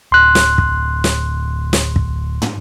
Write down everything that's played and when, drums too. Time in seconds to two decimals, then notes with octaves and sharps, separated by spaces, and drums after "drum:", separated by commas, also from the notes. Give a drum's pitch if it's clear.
0.12 D1 C6 F#6
0.35 drum: snare
0.58 drum: kick
1.04 drum: snare
1.73 drum: snare
1.96 drum: kick
2.42 drum: tom